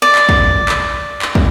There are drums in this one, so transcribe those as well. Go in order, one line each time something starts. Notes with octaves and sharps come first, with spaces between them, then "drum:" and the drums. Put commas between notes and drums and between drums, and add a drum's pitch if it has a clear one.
D5
drum: clap
drum: kick
drum: clap
drum: clap
drum: kick